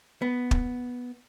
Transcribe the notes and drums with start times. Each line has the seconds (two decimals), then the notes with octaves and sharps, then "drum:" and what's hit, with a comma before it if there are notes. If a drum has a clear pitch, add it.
0.22 B3
0.51 drum: kick